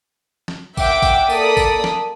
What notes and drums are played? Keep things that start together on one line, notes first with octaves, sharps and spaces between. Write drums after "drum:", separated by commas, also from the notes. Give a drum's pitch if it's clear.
drum: snare
E5 F#5 G5 D6, drum: kick G#1, tambourine
drum: kick G#1, tambourine
A#3 A4 D5 D#6 B6, drum: tambourine
drum: kick G#1, tambourine
drum: snare